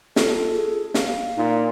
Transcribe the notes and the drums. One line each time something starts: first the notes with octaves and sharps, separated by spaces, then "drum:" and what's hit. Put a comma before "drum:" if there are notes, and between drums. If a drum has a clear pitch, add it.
F4 A4, drum: snare
G#4
F5, drum: snare
A#2 D#4